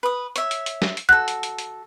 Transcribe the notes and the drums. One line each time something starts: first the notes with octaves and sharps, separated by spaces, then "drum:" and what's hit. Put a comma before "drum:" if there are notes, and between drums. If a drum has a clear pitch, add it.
B4 D#6
C#5 E5, drum: hi-hat
drum: hi-hat
drum: hi-hat
drum: snare
drum: hi-hat
F#4 A4 F#6
drum: hi-hat
drum: hi-hat
drum: hi-hat